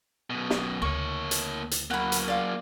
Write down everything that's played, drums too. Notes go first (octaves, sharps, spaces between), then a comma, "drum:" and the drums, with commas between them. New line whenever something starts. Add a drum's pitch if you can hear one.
F#2 B2
drum: snare
D2 C#3 A#3 C#5 C#6
drum: hi-hat
drum: hi-hat
F#3 A#3 F#5 B5
drum: hi-hat
F4 D5